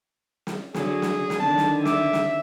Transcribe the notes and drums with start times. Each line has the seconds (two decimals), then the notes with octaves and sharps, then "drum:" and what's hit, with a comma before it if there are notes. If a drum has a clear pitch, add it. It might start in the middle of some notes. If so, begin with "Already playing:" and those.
0.47 drum: snare
0.74 D3 F#3 G#4, drum: snare
1.02 drum: snare
1.30 drum: snare
1.39 D3 D#3 A5
1.58 drum: snare
1.85 E5 D6, drum: snare
2.13 drum: snare